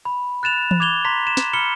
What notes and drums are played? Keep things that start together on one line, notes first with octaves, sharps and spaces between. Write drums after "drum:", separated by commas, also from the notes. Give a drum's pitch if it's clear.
B5
F#6 A6 E7 F7
drum: tom E3
D6 G#6 F7 G7
A#5 C6 B6
E7
drum: snare
B5 F6 C#7 G7